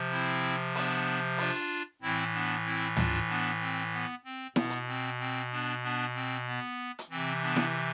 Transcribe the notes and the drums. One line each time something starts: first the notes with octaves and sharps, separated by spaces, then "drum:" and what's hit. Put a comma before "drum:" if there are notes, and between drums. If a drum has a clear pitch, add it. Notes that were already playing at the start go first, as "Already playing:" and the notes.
Already playing: C3 F3
C4 E4
B3 D4, drum: open hi-hat
D4 F4, drum: open hi-hat
A2 E3 C4 E4
B3 D4
C4 E4
D4 F4, drum: tom
B3 D4
C4
B3
C4
B2 B3, drum: snare E4
drum: hi-hat
C4
C4
B3 D4
B3 D4
C4
B3
drum: hi-hat
C3 E3 C4
B3 D4
drum: snare E4